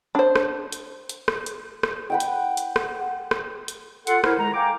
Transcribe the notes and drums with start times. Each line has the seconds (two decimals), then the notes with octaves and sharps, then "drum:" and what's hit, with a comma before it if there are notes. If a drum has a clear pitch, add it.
0.15 D4 C5
0.35 drum: rim click
0.72 drum: hi-hat
1.09 drum: hi-hat
1.28 drum: rim click
1.46 drum: hi-hat
1.83 drum: rim click
2.10 B4 F#5 G5
2.20 drum: hi-hat
2.57 drum: hi-hat
2.76 drum: rim click
3.31 drum: rim click
3.68 drum: hi-hat
4.07 F4 A4 F#5 C6, drum: hi-hat
4.24 E4 A#4 C5 C#5, drum: rim click
4.38 D#3 G#3 A#5
4.54 F5 G5 G#5 A#5 D6